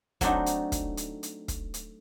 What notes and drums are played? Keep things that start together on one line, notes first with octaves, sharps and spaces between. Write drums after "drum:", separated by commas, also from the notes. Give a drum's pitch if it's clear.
F#3 A3 C4 D4 D#4, drum: kick, hi-hat
drum: hi-hat
drum: kick, hi-hat
drum: hi-hat
drum: hi-hat
drum: kick, hi-hat
drum: hi-hat